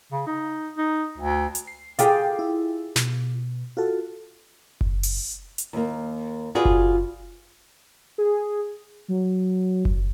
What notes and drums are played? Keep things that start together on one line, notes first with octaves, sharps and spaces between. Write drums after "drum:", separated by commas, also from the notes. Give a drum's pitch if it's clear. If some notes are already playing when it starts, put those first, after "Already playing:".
C#3
D#4
D#4
D2
drum: hi-hat
C7
F4 G4 G#4, drum: hi-hat
E4
B2, drum: snare
F4 F#4 A4
drum: kick F#1
drum: open hi-hat
drum: hi-hat
D#2 A#3
F4 F#4 G#4 B4 D5
drum: kick F#1
G#4
F#3
drum: kick F#1